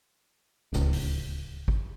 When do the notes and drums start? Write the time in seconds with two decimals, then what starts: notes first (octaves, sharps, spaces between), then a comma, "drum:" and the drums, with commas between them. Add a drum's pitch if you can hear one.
0.73 D1 C#2, drum: snare
0.93 drum: open hi-hat
1.68 drum: kick